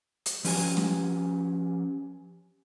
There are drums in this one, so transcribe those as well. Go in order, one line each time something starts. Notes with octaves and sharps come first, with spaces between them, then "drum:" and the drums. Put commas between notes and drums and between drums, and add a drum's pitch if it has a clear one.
drum: hi-hat
F3 C#4 G4 G#5, drum: open hi-hat
drum: snare